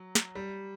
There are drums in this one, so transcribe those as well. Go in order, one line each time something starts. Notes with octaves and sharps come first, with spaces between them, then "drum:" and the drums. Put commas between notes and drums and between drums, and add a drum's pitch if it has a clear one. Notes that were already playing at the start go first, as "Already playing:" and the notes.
Already playing: F#3
drum: snare
G3